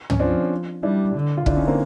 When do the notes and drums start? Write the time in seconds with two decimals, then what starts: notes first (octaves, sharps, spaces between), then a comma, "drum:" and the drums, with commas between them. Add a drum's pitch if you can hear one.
0.10 C#4, drum: tom
0.20 F3 C4 D4
0.83 G3 D4 E4
1.15 D3
1.37 F4
1.46 D3 D4 E4, drum: kick
1.57 C#4 D#4
1.67 A#3 C4